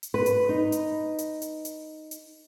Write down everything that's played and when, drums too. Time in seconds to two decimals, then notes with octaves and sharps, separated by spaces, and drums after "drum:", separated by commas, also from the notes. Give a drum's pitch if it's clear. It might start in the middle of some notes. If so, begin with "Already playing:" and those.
0.03 drum: hi-hat
0.14 B4
0.26 drum: hi-hat
0.49 D#4
0.72 drum: hi-hat
1.18 drum: hi-hat
1.42 drum: hi-hat
1.65 drum: hi-hat
2.11 drum: hi-hat